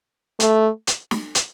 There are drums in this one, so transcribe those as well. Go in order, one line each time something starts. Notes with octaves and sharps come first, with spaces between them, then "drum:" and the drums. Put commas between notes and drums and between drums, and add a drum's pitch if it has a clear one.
A3, drum: hi-hat
drum: hi-hat
drum: snare
drum: hi-hat